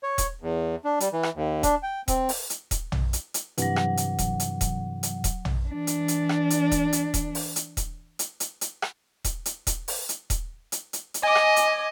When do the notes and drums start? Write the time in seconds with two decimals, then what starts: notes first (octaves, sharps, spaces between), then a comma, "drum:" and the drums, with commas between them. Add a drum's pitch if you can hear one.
0.03 C#5
0.18 drum: kick D#1, hi-hat
0.42 E2
0.85 D4
1.00 G3, drum: hi-hat
1.13 E3
1.23 drum: rim click
1.36 D#2
1.63 D4, drum: kick D#1, hi-hat
1.83 G5
2.08 C4, drum: kick D#1, hi-hat
2.29 drum: open hi-hat
2.50 drum: hi-hat
2.71 drum: kick D#1, hi-hat
2.92 drum: tom
3.13 drum: hi-hat
3.34 drum: hi-hat
3.58 G2 C3 E3 F#3 F#5, drum: hi-hat
3.76 drum: rim click
3.97 drum: hi-hat
4.18 drum: kick D#1, hi-hat
4.40 drum: hi-hat
4.61 drum: kick D#1, hi-hat
5.03 drum: hi-hat
5.24 drum: kick D#1, hi-hat
5.45 drum: tom
5.69 E3 D4
5.87 drum: hi-hat
6.08 drum: hi-hat
6.29 drum: rim click
6.50 drum: hi-hat
6.71 drum: kick D#1, hi-hat
6.93 drum: hi-hat
7.14 drum: kick D#1, hi-hat
7.35 drum: open hi-hat
7.56 drum: hi-hat
7.77 drum: kick D#1, hi-hat
8.19 drum: hi-hat
8.40 drum: hi-hat
8.61 drum: hi-hat
8.82 drum: rim click
9.24 drum: kick D#1, hi-hat
9.46 drum: hi-hat
9.67 drum: kick D#1, hi-hat
9.88 drum: open hi-hat
10.09 drum: hi-hat
10.30 drum: kick D#1, hi-hat
10.72 drum: hi-hat
10.93 drum: hi-hat
11.14 drum: hi-hat
11.23 D#5 G#5 D6
11.35 drum: rim click
11.56 drum: hi-hat